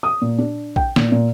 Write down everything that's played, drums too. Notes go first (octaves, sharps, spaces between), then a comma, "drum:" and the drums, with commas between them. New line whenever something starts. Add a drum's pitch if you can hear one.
D#6
A#2
D4
G5, drum: kick A#1
A#2, drum: snare
A#2